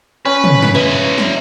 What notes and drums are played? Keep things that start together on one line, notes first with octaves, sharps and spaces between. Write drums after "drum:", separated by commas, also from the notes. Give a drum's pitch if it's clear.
C#4 B4
drum: tom
drum: snare
E4 B4 D#5
drum: snare